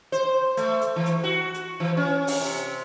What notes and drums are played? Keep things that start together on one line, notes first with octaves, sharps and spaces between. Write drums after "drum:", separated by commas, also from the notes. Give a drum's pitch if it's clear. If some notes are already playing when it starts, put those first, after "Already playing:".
C5
A3, drum: hi-hat
drum: hi-hat
E3
drum: hi-hat
F#4
drum: hi-hat
E3
C#4
drum: open hi-hat
C3